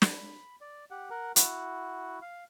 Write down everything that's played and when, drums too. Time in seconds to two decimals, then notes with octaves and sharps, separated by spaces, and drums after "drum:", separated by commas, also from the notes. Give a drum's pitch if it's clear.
0.02 B5, drum: snare
0.61 D5
0.91 G4 F#5
1.10 A#4 F#5
1.36 E4 F#4 F#5, drum: hi-hat
2.22 F5